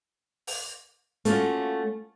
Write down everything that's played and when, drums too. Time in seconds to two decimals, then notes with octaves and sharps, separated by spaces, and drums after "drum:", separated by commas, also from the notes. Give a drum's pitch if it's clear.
0.47 drum: open hi-hat
1.25 A3 A#3 C#4 D#4 F4 F#4, drum: hi-hat